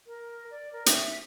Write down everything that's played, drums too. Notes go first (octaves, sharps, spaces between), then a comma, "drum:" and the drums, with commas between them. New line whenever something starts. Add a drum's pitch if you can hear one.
A#4
D5
A#4
E5, drum: hi-hat